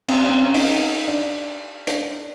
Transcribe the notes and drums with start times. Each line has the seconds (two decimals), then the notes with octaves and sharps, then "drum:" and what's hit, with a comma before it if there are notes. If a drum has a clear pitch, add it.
0.08 C4, drum: cymbal
0.29 C4
0.42 C#4
0.54 D#4, drum: open hi-hat
1.08 D4
1.87 D4, drum: hi-hat